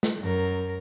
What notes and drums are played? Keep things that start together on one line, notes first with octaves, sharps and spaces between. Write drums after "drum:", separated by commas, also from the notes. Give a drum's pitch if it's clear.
drum: snare
F#2 A#4